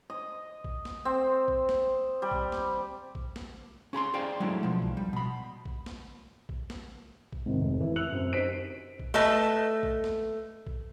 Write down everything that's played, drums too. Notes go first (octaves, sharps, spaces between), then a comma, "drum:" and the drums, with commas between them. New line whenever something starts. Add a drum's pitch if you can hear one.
D#5
drum: kick A#1
drum: snare
C4
drum: kick A#1
drum: snare
G3
drum: kick A#1
drum: snare
drum: kick A#1
drum: snare
C#4 G#4 B5 C6
G#4 C5 D5 F5 G5
F#3 G#3 A3 C#4 D4 E4
B2 F3
drum: kick A#1
G3
B2 B5
drum: kick A#1
drum: snare
drum: kick A#1
drum: snare
drum: kick A#1
G#2 C3 D#3
F1
E3
E6 F#6 C#7 F7 F#7
F#2 C4
D#4 G4 C5 B6 C7 D7
drum: kick A#1
A3 B4 D#5 A5
drum: kick A#1
drum: snare
drum: kick A#1